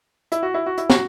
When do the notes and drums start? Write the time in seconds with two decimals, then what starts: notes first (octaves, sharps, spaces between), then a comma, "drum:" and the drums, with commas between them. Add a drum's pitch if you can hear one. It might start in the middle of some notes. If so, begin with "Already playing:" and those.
0.32 E4, drum: hi-hat
0.43 F#4
0.54 E4
0.66 F#4
0.78 E4, drum: hi-hat
0.90 F#4, drum: snare